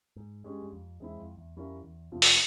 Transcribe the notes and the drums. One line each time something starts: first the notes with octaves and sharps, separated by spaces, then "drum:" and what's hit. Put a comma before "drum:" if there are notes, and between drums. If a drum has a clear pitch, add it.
G#2
G2 G#3 C#4 G4
G2
F2
E2 G#3 C4 E4
F2
E2
F2 G3 C#4 E4 A#4
E2
F2 C3 F3 C4 F4
drum: open hi-hat